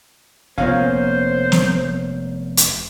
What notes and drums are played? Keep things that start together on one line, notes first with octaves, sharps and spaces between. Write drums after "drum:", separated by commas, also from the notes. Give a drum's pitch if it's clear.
F1 A#2 A#3 B3 C#4 C5 F5
drum: snare
drum: hi-hat